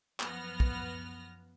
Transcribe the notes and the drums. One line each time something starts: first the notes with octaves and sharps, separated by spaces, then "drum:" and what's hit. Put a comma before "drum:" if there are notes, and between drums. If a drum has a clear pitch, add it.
F#2 F3 B3 F6 A#6, drum: clap
drum: kick